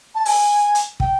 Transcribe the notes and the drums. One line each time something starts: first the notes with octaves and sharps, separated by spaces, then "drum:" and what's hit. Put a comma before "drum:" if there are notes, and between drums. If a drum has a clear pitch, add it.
A5
G#5, drum: open hi-hat
drum: hi-hat
G5, drum: kick